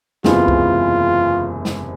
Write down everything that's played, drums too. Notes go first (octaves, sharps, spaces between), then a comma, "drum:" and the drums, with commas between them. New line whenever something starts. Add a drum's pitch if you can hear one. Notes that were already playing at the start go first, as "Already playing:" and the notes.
F#1 E2 C3 E3 G#3 F4, drum: snare
drum: kick C2
drum: snare